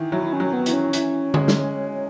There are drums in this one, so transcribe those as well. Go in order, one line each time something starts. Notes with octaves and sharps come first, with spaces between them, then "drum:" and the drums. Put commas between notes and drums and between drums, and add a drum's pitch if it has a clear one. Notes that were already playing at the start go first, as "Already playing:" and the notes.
Already playing: D#3 E3
F#3 E4
C#4
F#3
B3
E3, drum: hi-hat
C#4
E3, drum: hi-hat
G#3, drum: tom D3
drum: snare